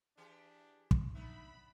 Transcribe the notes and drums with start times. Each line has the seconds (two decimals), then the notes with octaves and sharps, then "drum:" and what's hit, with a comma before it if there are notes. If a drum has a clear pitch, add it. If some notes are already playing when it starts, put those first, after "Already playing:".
0.17 E3 D4 G4 G#4
0.91 drum: kick
1.15 B3 D4 D#4 E5 B5